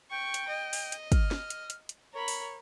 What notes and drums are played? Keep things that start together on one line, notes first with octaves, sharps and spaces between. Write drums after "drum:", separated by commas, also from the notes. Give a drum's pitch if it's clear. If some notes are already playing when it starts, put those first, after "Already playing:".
G5 C#6
drum: hi-hat
D#5
drum: open hi-hat
drum: hi-hat
F6, drum: kick, hi-hat
drum: snare
drum: hi-hat
drum: hi-hat
drum: hi-hat
A#4 C#5 B5
drum: open hi-hat